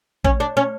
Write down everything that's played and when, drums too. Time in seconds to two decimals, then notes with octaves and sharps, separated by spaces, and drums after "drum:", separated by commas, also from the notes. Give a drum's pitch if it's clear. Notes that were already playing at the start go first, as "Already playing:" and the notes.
0.24 C#4, drum: kick A1
0.40 D4
0.57 C#4